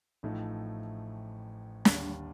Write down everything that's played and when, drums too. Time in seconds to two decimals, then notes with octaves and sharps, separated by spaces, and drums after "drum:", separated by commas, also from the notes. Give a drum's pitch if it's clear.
0.23 A1 A2 F3 A3 D#4
1.85 D#2 D3 G3 D4, drum: snare